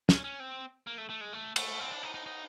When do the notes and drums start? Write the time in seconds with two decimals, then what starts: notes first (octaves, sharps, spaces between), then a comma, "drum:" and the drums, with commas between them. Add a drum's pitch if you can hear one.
0.09 C#4, drum: snare
0.24 C#4
0.40 C4
0.87 A#3
0.98 A3
1.10 A3
1.21 G#3
1.33 A3
1.56 A3, drum: cymbal
1.80 C4
1.90 D4
2.03 D#4
2.14 D#4
2.26 D#4